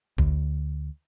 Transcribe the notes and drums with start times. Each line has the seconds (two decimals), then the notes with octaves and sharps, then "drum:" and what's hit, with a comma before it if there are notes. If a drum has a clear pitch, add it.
0.18 D2, drum: kick G#1